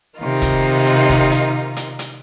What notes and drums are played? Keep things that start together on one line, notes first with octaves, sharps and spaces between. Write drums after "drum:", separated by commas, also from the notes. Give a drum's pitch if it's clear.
C3 D#3 D#4 F4
drum: kick, hi-hat
drum: hi-hat
drum: kick, hi-hat
drum: hi-hat
drum: hi-hat
drum: hi-hat